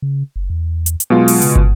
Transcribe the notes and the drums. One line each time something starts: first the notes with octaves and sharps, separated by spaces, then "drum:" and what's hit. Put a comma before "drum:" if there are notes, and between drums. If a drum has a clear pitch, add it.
C#3
F#1
E2
drum: hi-hat
drum: hi-hat
B2 F#3 G#3 F4
drum: open hi-hat
C#3, drum: hi-hat
drum: kick